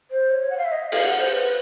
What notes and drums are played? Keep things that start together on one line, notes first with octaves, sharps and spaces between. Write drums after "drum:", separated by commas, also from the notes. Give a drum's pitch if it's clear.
C5
C#5
F#5
F5
E5
D#5
F5, drum: open hi-hat
F#5
C5
B4